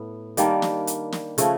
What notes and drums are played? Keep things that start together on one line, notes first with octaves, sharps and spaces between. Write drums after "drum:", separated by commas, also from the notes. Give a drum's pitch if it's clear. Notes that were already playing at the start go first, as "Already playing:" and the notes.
Already playing: A2 B3
D#3 G3 A#3 D4, drum: hi-hat
drum: snare
drum: hi-hat
drum: snare
C#3 F3 A3 C#4, drum: hi-hat